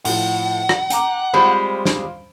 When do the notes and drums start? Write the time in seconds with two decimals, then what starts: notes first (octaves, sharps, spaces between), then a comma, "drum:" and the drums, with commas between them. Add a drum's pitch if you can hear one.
0.05 A2 F3 F#5, drum: open hi-hat
0.69 drum: rim click
0.90 G5 A#5 D6, drum: hi-hat
1.34 G3 G#3 C4 F4 C5 B5
1.85 drum: snare